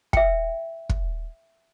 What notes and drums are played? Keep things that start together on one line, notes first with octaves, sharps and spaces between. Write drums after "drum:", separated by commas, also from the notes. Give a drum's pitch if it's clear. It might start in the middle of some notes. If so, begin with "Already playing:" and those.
E5 G5, drum: kick
drum: kick